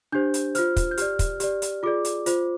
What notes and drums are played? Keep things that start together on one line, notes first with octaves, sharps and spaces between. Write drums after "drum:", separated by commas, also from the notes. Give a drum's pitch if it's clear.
D4 G4 C5 G6
drum: hi-hat
F4 C5 F6, drum: hi-hat
drum: kick, hi-hat
G6
G4 D5 F6, drum: hi-hat
drum: kick, hi-hat
G4 D5, drum: hi-hat
drum: hi-hat
F4 G#4 D5 D6
drum: hi-hat
F4 C5, drum: hi-hat